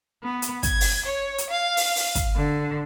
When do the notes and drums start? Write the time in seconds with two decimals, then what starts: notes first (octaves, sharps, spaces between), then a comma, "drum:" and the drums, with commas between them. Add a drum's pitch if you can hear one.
0.23 B3
0.42 drum: hi-hat
0.63 G#6, drum: kick, hi-hat
0.81 drum: open hi-hat
1.05 C#5
1.38 drum: hi-hat
1.50 F5
1.77 drum: open hi-hat
1.96 drum: open hi-hat
2.15 drum: kick, hi-hat
2.35 D3